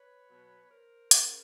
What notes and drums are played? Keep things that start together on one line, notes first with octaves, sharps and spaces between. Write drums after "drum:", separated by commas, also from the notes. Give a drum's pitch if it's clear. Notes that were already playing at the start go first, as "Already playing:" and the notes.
Already playing: B4 C#5
B2 F#3
A#4 C5
C#3, drum: hi-hat